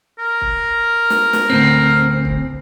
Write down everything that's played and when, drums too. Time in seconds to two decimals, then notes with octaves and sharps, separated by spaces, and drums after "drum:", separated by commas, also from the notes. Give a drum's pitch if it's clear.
0.19 A#4
0.41 drum: kick
1.10 drum: snare
1.33 drum: snare
1.50 D2 A2 C4
2.25 drum: kick